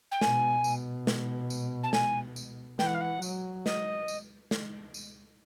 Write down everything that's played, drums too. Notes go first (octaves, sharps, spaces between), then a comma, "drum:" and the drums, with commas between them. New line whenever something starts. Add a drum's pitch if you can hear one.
G5
B2 G#5, drum: snare
B2, drum: tambourine
drum: snare
drum: tambourine
A5
G#5, drum: snare
drum: tambourine
E3 G5, drum: snare
F#5
F5
F#5
F#3, drum: tambourine
D#5, drum: snare
drum: tambourine
drum: snare
drum: tambourine